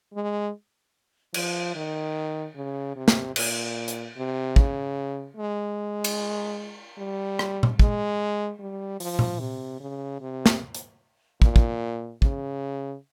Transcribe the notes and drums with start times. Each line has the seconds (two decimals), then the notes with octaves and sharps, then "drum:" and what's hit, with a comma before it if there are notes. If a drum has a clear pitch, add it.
0.14 G#3
1.34 F3, drum: cymbal
1.75 D#3
2.56 C#3
2.96 C3
3.08 drum: snare
3.36 A#2, drum: cymbal
3.88 drum: hi-hat
4.17 C3
4.56 C#3, drum: kick
5.37 G#3
6.04 drum: cymbal
6.98 G3
7.39 drum: rim click
7.63 drum: tom A#2
7.79 G#3, drum: kick
8.60 G3
9.00 F3, drum: open hi-hat
9.19 drum: tom A#2
9.40 C3
9.80 C#3
10.21 C3
10.46 drum: snare
10.75 drum: hi-hat
11.42 A#2, drum: kick
11.56 drum: kick
12.22 C#3, drum: kick